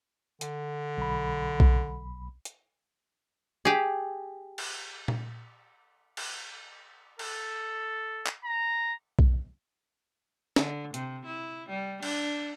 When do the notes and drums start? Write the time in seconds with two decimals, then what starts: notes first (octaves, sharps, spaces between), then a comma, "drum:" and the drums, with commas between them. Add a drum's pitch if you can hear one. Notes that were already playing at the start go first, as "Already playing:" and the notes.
0.41 D3, drum: hi-hat
0.98 B1 B5
1.60 drum: kick B1
2.45 drum: hi-hat
3.65 G4 G#4
4.58 drum: cymbal
5.08 drum: tom A#2
6.17 drum: cymbal
7.19 A4, drum: cymbal
8.26 drum: clap
8.44 A#5
9.19 drum: kick B1
10.56 D3, drum: snare
10.94 C3, drum: hi-hat
11.26 E4
11.69 G3
12.03 D4, drum: cymbal